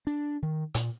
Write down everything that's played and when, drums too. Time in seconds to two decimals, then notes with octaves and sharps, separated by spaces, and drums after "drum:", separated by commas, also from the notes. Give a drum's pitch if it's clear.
0.07 D4
0.42 D#3
0.74 A#2, drum: hi-hat